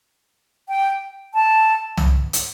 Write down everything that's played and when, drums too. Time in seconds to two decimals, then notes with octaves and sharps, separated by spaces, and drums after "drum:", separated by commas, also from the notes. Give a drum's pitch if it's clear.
0.69 G5
1.34 A5
1.97 drum: tom C2
2.33 drum: hi-hat